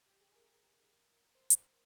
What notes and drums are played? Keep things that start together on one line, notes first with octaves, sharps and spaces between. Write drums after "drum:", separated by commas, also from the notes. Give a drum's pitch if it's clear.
G4
G#4
A#4
C5
drum: hi-hat